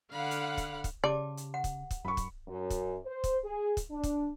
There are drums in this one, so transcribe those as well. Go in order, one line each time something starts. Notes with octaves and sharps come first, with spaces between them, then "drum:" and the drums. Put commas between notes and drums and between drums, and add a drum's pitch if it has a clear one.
D3 F5 F#5 B5
drum: hi-hat
drum: kick, hi-hat
drum: kick, hi-hat
C#3 G4 D5 A5 D6
drum: hi-hat
F#5
drum: kick, hi-hat
drum: kick, hi-hat
F#2 B5 C#6
drum: kick, hi-hat
F#2
drum: kick, hi-hat
C5
drum: kick, hi-hat
G#4
drum: kick, hi-hat
D4
drum: kick, hi-hat